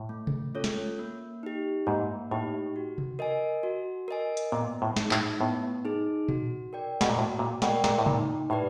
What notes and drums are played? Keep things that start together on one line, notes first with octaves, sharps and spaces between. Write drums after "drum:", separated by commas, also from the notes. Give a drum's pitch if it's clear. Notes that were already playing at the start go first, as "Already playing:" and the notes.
Already playing: A2
A3
drum: tom C3
C#4 F4 A4 C#5
drum: snare
A#3
D#4 G4
G#2 A#3
A2 D#4 G4
F#4
drum: tom C3
A#4 D#5 G#5
F#4
A#4 D#5 G#5
drum: hi-hat
A#2 B3
A2
D#4 G#4, drum: snare
A2, drum: clap
A2 B3
D#4 G#4
F#4, drum: tom A#2
A#4 D5 G5
B2, drum: snare
A#2
A2 F#4
A#2
B2 A#4 D5 G5, drum: snare
A#2, drum: snare
A2
A#2 D#4, drum: tom C3
A2 G4 B4 D5